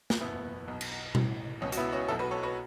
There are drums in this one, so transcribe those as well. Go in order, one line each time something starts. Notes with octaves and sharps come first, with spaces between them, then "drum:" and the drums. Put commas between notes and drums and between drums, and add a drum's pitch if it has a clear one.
drum: snare
F#1 E2 B2 B3 E4
B1 B2
drum: cymbal
A1 A2 E3, drum: tom B2
C#2 B2 C#4
F#4, drum: hi-hat
B3 E4
C#4 F#4
B1 B2 E4 A4
F#4 B4
A4 C#5
F#4 B4